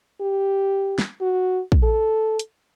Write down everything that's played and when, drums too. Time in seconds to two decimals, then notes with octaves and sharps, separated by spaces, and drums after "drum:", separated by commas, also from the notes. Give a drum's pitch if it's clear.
0.21 G4
0.98 drum: snare
1.21 F#4
1.72 drum: kick
1.83 A4
2.39 drum: hi-hat